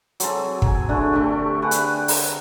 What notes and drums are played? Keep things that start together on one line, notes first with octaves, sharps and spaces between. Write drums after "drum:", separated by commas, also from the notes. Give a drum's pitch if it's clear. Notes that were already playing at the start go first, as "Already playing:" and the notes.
F#3 C4 G#4 A4, drum: hi-hat
G#5 A#5, drum: kick
D3 A3 D4 G#4
A3 D4 G4
G4 G#4 B4 F#5
drum: hi-hat
A#5, drum: open hi-hat